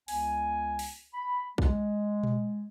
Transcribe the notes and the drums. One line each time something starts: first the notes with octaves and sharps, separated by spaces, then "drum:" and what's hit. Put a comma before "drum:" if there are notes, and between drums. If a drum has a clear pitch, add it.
C#2 B3 G#5, drum: open hi-hat
drum: open hi-hat
B5
G#3, drum: kick B1
drum: tom A#2